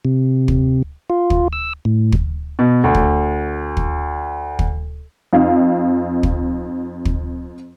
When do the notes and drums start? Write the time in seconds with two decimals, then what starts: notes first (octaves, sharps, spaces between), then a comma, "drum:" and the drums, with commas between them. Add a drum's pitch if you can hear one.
0.05 C3
0.48 drum: kick
1.10 F4
1.30 drum: kick
1.53 E6
1.85 A2
2.12 drum: kick
2.59 B2
2.84 D2
2.95 drum: kick
3.77 drum: kick
4.59 drum: kick
5.33 F2 D#4 F5
6.23 drum: kick
7.05 drum: kick